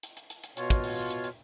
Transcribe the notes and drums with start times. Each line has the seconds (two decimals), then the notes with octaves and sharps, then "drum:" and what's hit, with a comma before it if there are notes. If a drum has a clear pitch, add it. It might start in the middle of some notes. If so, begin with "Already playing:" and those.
0.03 drum: hi-hat
0.17 drum: hi-hat
0.30 drum: hi-hat
0.44 drum: hi-hat
0.57 B2 F4 C#5, drum: hi-hat
0.70 drum: kick, hi-hat
0.84 drum: open hi-hat
0.97 drum: open hi-hat
1.11 drum: hi-hat
1.24 drum: hi-hat